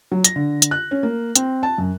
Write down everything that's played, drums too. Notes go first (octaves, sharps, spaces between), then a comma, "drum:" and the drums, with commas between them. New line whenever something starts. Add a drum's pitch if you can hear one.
F#3
A#6, drum: hi-hat
D3
drum: hi-hat
F#6
C#4
A#3
C4, drum: hi-hat
A5
F#2